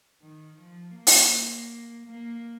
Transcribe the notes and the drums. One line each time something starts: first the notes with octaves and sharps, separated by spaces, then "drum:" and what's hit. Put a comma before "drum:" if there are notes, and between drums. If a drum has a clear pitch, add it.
D#3
F3
A#3
drum: open hi-hat
A#3